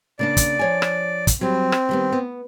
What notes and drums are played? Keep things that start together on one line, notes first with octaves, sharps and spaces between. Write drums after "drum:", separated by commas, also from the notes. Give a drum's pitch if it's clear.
C#3 A#3 D4 D5
drum: kick, hi-hat
F3 C#5 G#5
drum: rim click
drum: kick, hi-hat
F#3 G3 C4
drum: rim click
D#3 G3 B3
B3